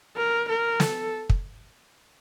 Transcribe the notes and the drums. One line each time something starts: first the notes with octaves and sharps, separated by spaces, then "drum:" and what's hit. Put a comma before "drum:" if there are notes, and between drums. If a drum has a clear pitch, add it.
A#4
A#4
A4, drum: snare
drum: kick